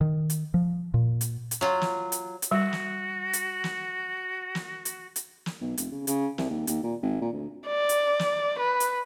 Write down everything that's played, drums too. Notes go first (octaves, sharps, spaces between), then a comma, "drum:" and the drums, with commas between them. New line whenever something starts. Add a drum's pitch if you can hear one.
D#3
drum: hi-hat
F3
A#2
drum: hi-hat
drum: hi-hat
F#3 F4
drum: snare
drum: hi-hat
drum: hi-hat
G3 F#4
drum: snare
drum: hi-hat
drum: snare
drum: snare
drum: hi-hat
drum: hi-hat
drum: snare
B1
F1, drum: hi-hat
C#3
C#3, drum: hi-hat
C2, drum: snare
D#2
D#2, drum: hi-hat
A#2
G#1
A#2
D2
D5
drum: hi-hat
drum: snare
B4
drum: hi-hat